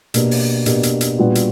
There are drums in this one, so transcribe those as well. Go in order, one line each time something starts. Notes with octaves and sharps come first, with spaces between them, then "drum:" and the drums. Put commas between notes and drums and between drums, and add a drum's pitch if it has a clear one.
B2 A#3 D4 G4, drum: hi-hat
drum: open hi-hat
B2 A#3 D4 G4, drum: hi-hat
drum: hi-hat
drum: hi-hat
A#2 G3 B3 D4 F#4
drum: hi-hat